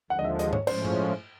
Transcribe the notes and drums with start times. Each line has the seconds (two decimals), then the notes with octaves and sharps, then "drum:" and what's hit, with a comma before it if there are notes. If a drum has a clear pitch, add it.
0.10 D#2 D3 F3 G#3 F#5
0.19 D#5
0.24 E5
0.39 D#5, drum: hi-hat
0.53 C#5, drum: tom G#2
0.67 A2 F3 G#3 C#4 C5, drum: cymbal
0.85 drum: tom G2